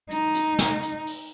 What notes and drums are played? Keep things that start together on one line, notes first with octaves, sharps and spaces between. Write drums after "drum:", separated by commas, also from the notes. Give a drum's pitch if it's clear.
D#4, drum: hi-hat
drum: hi-hat
drum: snare
drum: hi-hat
drum: open hi-hat